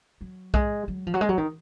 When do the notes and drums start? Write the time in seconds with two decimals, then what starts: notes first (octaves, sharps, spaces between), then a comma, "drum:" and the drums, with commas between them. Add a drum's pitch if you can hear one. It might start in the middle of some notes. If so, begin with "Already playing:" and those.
0.21 F#3
0.54 G#3, drum: kick B1
0.88 F#3
1.07 F3
1.14 F#3
1.21 G#3
1.29 F#3
1.38 D#3